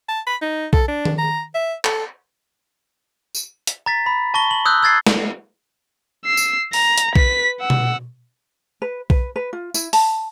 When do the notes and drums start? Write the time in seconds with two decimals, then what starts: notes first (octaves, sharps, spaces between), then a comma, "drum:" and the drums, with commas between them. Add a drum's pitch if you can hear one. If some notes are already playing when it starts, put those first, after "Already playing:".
0.08 A5
0.27 B5
0.42 D#4
0.73 A4, drum: kick B1
0.88 D4
1.05 drum: tom D#3
1.18 A#5
1.55 E5
1.85 A4, drum: clap
3.35 drum: tambourine
3.67 drum: hi-hat
3.86 A#5 A6 B6
4.06 B5
4.34 A5 C#6 A#6 G7
4.51 F#7
4.65 D#6 E6 F#6 G6
4.83 E6 G#6 A6 C7
5.07 drum: snare
6.25 E6 C7
6.37 drum: tambourine
6.73 A#5, drum: open hi-hat
6.98 drum: hi-hat
7.16 B4 B6, drum: kick B1
7.60 F#5 E6
7.70 drum: tom B2
8.82 B4
9.10 B4, drum: kick B1
9.36 B4
9.53 F4
9.74 E4, drum: tambourine
9.93 A5, drum: open hi-hat